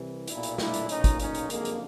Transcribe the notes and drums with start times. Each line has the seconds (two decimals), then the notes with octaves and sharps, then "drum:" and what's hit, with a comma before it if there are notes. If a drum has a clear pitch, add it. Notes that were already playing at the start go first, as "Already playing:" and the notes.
Already playing: C2 C3 E3
0.27 B1 A#2 D4 E4, drum: hi-hat
0.43 drum: hi-hat
0.58 D4 E4, drum: snare
0.74 drum: hi-hat
0.89 B1 A#2 C#4 D#4, drum: hi-hat
1.04 drum: kick, hi-hat
1.19 C#4 D#4, drum: hi-hat
1.35 drum: hi-hat
1.50 F#1 F2 D3 G#3 A#3, drum: hi-hat
1.65 drum: hi-hat